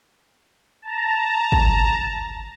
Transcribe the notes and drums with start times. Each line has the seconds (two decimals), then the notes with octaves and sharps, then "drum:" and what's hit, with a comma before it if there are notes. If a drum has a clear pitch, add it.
0.82 A5 A#5
1.52 drum: kick